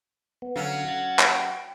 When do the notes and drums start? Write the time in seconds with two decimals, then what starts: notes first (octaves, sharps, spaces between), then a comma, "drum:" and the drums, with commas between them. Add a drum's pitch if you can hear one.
0.42 B3
0.56 D3 F#3 C#4 F5
0.88 F#6 G#6 A6
1.19 drum: clap
1.32 G5